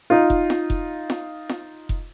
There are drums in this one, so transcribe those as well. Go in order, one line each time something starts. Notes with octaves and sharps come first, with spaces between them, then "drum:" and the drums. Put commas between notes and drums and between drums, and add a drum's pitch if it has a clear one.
D#4 F4
drum: kick F1
drum: snare
drum: kick F1
drum: snare
drum: snare
drum: kick F1